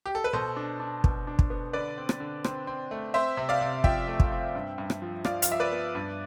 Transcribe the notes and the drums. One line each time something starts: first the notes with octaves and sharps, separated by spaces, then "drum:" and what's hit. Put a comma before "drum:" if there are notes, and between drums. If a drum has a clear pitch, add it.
G4
A4
B4
B2 A4 C5
D4
D4
B2, drum: kick
D4
drum: kick
B3
D3 B4 D5
C4
drum: rim click
D3
C4, drum: rim click
C4
A3
C4 C5 E5
C3
D5 F5
C3
F3 E5 G5, drum: kick
A3
drum: kick
C4
G2
G2
drum: rim click
F3
F3 D5 F5, drum: rim click
F5, drum: hi-hat
F3 E5
B4 D5
B3
G2